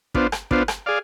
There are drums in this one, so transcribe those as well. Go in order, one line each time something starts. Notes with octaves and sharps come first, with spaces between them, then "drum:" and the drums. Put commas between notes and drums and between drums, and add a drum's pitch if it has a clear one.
B3 D4 F4 C5, drum: kick
drum: rim click
B3 D4 F4 C5, drum: kick
drum: rim click
G#4 D5 F5